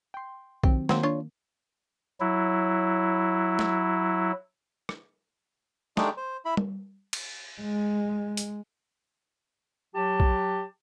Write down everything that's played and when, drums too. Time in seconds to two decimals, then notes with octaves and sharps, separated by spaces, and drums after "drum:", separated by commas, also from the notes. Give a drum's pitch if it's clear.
0.14 G5 C6
0.64 D#3 F#3 C4 G4, drum: kick B1
0.89 D#3 F#3 A#3 C4, drum: snare
1.03 D4 F4 C#5
2.20 F#3 E4
3.59 drum: snare
4.89 drum: rim click
5.97 G#3 A3 D4 D#4 G4 G#4, drum: snare
6.17 C5
6.45 E4 B5
6.57 drum: tom G3
7.13 drum: cymbal
7.61 G#3
8.37 drum: hi-hat
9.94 F#3 G4 A5
10.20 drum: kick B1